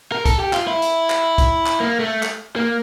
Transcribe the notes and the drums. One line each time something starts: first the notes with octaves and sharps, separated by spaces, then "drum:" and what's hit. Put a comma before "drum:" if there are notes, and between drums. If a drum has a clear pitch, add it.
A#4
A4, drum: kick, hi-hat
G4
F4, drum: clap
E4
drum: hi-hat
drum: clap
drum: kick, hi-hat
drum: clap
A#3
A3
drum: clap
A#3